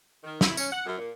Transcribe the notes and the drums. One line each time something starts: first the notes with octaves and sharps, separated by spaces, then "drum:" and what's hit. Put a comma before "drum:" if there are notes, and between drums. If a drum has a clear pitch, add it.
D#3
E4, drum: snare
C#4, drum: tambourine
F#5
F#2
A#2